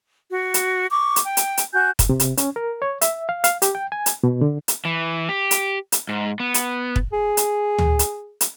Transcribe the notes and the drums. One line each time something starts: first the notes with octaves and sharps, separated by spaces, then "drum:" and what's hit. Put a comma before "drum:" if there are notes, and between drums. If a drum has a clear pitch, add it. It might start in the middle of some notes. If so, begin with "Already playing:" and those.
F#4
drum: hi-hat
C#6 D6
drum: hi-hat
G5
drum: hi-hat
drum: hi-hat
F#4 G#5 G6
drum: kick, hi-hat
C3
drum: hi-hat
C#4, drum: hi-hat
A#4
C#5
E5, drum: hi-hat
F5
F5, drum: hi-hat
G4, drum: hi-hat
G5
G#5
drum: hi-hat
B2
D3
drum: hi-hat
E3
G4
drum: hi-hat
drum: hi-hat
G#2
B3
drum: hi-hat
drum: kick
G#4
drum: hi-hat
drum: tom
drum: hi-hat
drum: hi-hat